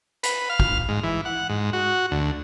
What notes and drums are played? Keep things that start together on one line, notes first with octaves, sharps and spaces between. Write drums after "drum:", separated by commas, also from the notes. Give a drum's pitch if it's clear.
B4, drum: hi-hat
F5
drum: kick
G#2
E3
F#5
G#2
F#4
D2